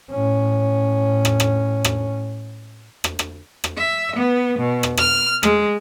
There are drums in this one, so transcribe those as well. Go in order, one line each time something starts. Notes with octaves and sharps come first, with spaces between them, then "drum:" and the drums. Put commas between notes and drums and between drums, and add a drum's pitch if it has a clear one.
A2 C#4
drum: rim click
drum: rim click
drum: rim click
drum: rim click
drum: rim click
drum: rim click
E5
B3
B2
drum: rim click
F6, drum: rim click
G#3, drum: rim click